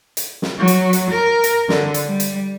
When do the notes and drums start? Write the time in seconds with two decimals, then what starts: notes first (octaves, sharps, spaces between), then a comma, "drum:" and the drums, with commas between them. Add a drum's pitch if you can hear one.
0.17 drum: hi-hat
0.42 drum: snare
0.58 F#3
0.68 drum: hi-hat
0.93 drum: hi-hat
1.11 A#4
1.44 drum: hi-hat
1.69 D3, drum: snare
1.94 drum: hi-hat
2.06 G3
2.20 drum: hi-hat